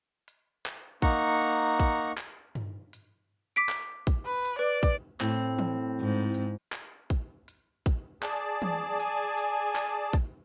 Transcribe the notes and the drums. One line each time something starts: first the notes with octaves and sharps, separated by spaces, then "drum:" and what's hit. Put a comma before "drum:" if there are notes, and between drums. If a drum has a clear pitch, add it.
drum: hi-hat
drum: clap
A#3 D#4 F#5 A#5 C#6, drum: kick, hi-hat
drum: hi-hat
drum: kick, hi-hat
drum: clap
drum: tom G2
drum: hi-hat
D6 B6 D7
drum: clap
drum: kick, hi-hat
B4
drum: hi-hat
B4 D5
drum: kick, hi-hat
A2 C4, drum: clap
drum: tom E3
G#2
drum: hi-hat
drum: clap
drum: kick, hi-hat
drum: hi-hat
drum: kick, hi-hat
G#4 D5 A5, drum: clap
drum: tom E3
G#5, drum: hi-hat
drum: hi-hat
drum: clap
drum: kick, hi-hat